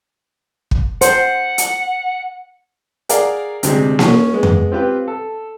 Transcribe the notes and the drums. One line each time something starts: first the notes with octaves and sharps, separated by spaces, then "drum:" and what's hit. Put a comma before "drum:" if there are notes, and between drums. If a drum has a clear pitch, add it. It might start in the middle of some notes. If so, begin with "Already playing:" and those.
drum: kick
C5 F#5, drum: hi-hat
drum: hi-hat
G#4 A#4 D5 F5 F#5, drum: hi-hat
D2 C3 G#3, drum: hi-hat
C#4, drum: snare A#3
G#3 B3
drum: tom F2
C4 F4 G4 B4
A4